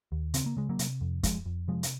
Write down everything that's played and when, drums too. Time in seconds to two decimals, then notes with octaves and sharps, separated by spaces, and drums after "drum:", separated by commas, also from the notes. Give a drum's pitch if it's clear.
0.12 D#2
0.34 C#3 C4, drum: hi-hat
0.46 A#3
0.57 C#3 G#3
0.69 F#3 A#3
0.79 C3, drum: hi-hat
1.01 F2
1.23 F2 F3 G#3, drum: kick, hi-hat
1.46 F2
1.68 C3 F3 G#3
1.83 drum: hi-hat